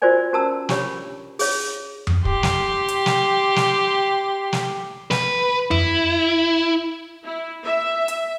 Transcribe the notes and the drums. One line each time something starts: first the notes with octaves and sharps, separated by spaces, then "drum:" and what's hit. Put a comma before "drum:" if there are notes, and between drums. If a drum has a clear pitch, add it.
F4 F#4 A#4 C5 D5 G#5
C#4 F#4 A#4 A5 A#5 E6
D4 G4 C#5 B5, drum: snare
G#4 C#5, drum: open hi-hat
drum: tom F2
G4 C6, drum: kick
drum: snare
drum: hi-hat
drum: snare
drum: snare
drum: snare
B4, drum: snare
E4, drum: tom F2
E4
E5
drum: hi-hat